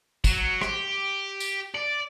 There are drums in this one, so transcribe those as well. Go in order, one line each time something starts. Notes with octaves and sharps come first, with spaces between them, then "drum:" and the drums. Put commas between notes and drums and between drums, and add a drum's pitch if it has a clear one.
F#3, drum: kick, tambourine
G4, drum: rim click
drum: tambourine
D5